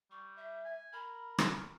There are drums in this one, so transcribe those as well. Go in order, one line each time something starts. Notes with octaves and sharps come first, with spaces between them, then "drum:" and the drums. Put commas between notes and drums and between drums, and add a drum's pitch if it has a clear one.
G3 C#6
E5
G#5
A#4 B5
drum: rim click